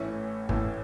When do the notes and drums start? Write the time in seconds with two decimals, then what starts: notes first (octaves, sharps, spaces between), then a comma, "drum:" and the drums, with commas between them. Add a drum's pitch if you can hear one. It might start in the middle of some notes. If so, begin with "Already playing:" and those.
Already playing: A1 A2 E3 A3 C#4
0.49 A1 A2 E3 A3 C#4, drum: kick G1